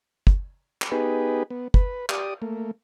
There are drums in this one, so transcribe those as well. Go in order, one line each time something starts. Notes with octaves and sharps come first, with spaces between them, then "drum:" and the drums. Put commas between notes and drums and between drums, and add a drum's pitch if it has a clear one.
drum: kick
drum: clap
B3 D#4 G4 G#4 B4
B3
B4, drum: kick
G4 D5 D#6, drum: clap
A3 A#3